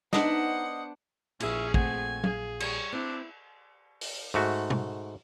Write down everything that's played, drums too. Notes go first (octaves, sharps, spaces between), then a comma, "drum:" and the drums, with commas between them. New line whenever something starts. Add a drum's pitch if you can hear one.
B3 D4 D#4 C5 D#5 E5 F#5, drum: snare
A#1 A#2 C#4 E4 G#4 E5, drum: cymbal
A3 C4 F#5 G#5, drum: kick
G#4 F5, drum: tom F#3
G3 C#5, drum: cymbal
C4 D4 E4
drum: open hi-hat
G#2 A3 F#4
drum: tom